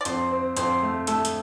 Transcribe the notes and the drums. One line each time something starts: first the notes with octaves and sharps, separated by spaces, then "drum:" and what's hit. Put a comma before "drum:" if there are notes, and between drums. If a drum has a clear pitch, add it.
D5
F2 C5, drum: hi-hat
C4
F2 C5, drum: hi-hat
A3
A3 A4, drum: hi-hat
drum: hi-hat